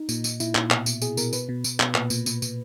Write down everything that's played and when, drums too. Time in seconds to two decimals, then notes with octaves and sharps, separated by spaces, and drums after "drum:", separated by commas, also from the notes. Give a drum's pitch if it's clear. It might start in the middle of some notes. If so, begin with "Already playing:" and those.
Already playing: D#4
0.09 A#2, drum: tambourine
0.24 A#2, drum: tambourine
0.40 A#2 E4, drum: tambourine
0.55 A#2, drum: clap
0.71 B2, drum: clap
0.86 B2, drum: tambourine
1.02 B2 G#4, drum: tambourine
1.17 B2 A#4, drum: tambourine
1.33 B2 B4, drum: tambourine
1.49 B2
1.64 B2, drum: tambourine
1.80 B2, drum: clap
1.95 A#2 B4, drum: clap
2.10 A#2, drum: tambourine
2.26 A#2, drum: tambourine
2.42 A#2, drum: tambourine